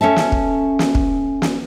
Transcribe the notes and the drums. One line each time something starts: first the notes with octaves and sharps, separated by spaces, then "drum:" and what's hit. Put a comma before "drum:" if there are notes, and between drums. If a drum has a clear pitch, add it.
C#4 A4 E5 A5
drum: snare
drum: kick
drum: snare
drum: kick
drum: snare